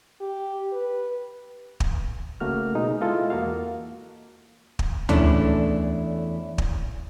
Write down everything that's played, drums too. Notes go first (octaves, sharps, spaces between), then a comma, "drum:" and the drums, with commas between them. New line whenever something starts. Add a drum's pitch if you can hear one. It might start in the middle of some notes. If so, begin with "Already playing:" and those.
G4
B4
drum: kick
C#3 A3 A#3 F#4 F6
B2 G#3 D#4
G#3 E4 F4 A4 D#5 F5
E2 A#3 F#4 F5
drum: kick
E2 A3 C#4 D4 E4, drum: tom D2
drum: kick